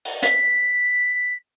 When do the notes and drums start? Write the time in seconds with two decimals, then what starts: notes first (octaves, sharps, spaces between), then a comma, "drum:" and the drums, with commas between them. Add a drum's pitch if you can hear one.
0.05 drum: open hi-hat
0.23 B6, drum: hi-hat